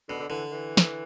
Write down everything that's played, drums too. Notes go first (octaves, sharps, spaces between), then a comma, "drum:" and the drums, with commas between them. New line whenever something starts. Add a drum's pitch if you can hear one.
B2 D3
D3
D3 E3
E3
drum: snare